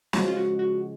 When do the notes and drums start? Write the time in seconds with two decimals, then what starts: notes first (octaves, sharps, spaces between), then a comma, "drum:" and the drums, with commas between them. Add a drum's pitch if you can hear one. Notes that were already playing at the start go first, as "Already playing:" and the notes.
0.13 C#3 F3 G#3 F#4, drum: snare
0.28 F4
0.37 F#4
0.59 F#4